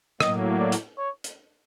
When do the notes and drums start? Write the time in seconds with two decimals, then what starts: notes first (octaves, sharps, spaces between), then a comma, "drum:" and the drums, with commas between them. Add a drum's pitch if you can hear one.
0.20 A2 F#3 A#3 D#5, drum: rim click
0.59 D5
0.72 drum: hi-hat
0.98 C#5
1.24 drum: hi-hat